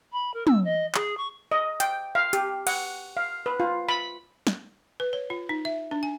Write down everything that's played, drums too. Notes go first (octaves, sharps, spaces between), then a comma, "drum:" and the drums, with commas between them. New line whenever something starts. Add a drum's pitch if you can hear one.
B5
A#4
E6, drum: tom
D#5
G#4, drum: clap
C#6
D#5
G5, drum: hi-hat
F5
G4, drum: hi-hat
F#5, drum: cymbal
F5
B4
F4
B5
drum: snare
B4
C#5
F4
D#4
E5
D4
G#5